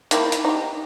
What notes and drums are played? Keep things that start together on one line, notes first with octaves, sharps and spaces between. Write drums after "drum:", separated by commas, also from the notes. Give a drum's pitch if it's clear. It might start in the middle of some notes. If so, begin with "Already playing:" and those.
D#3 A#3 E4, drum: hi-hat
drum: hi-hat
D#4 G4